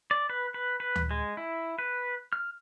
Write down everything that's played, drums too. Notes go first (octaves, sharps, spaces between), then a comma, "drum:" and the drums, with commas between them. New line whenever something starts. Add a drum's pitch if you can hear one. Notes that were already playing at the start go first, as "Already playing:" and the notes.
D5
B4
B4
B4
drum: tom D2
G#3
E4
B4
F6